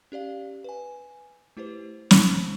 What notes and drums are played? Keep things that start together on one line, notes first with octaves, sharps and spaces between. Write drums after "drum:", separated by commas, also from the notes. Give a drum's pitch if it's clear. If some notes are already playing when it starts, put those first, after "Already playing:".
C#4 G4 D5 F5
B4 G#5
A3 E4 G4 B4 C5
C5 C#5, drum: snare